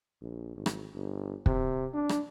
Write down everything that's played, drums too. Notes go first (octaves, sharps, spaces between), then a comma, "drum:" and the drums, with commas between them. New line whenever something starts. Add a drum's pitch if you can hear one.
A#1
G#1
drum: rim click
G1
C3, drum: kick
D4
drum: rim click